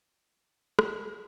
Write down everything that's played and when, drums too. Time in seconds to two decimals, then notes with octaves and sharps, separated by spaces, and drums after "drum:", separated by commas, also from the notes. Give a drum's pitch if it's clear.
0.07 C4 F4 F#4
0.79 A#2 G6 G#6, drum: rim click